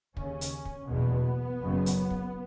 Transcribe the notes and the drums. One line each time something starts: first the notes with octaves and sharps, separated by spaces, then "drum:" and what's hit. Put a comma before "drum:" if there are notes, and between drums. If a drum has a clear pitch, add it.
D#2 C#3 C#4, drum: kick
drum: hi-hat
drum: kick
F#1 E2 B2 B3
F#1 F#2 C#3
drum: hi-hat
drum: kick